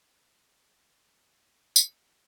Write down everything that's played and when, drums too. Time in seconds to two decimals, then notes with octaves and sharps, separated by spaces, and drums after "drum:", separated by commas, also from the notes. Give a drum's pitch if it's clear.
0.11 B2 G3 B3 C5
0.93 D3 A3 E4 A4
1.64 D5
1.76 F3 C4 E4 G4 C5, drum: tambourine